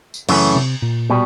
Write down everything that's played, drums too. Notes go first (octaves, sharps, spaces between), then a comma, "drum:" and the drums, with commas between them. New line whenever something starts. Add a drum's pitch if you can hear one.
drum: tambourine
F#2 C#3 E3 A3 C#4, drum: cymbal
C3
A#2
B2 G3